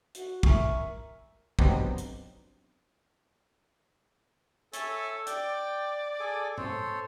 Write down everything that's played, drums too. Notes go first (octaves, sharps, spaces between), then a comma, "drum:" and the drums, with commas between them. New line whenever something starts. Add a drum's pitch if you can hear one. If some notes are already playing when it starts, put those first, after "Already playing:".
F#4, drum: hi-hat
A#4 E5 G#5 C#6, drum: kick
F#3 B3 C4 D4 D#4 G4, drum: kick
drum: hi-hat
A4 C#5 E5 G#5, drum: hi-hat
D5 G5, drum: hi-hat
G#4 A4 G#5
A4 C5 C#5, drum: tom A2